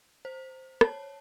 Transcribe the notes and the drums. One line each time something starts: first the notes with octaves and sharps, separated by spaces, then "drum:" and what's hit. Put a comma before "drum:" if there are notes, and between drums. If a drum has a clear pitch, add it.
C5
C#5 A5, drum: rim click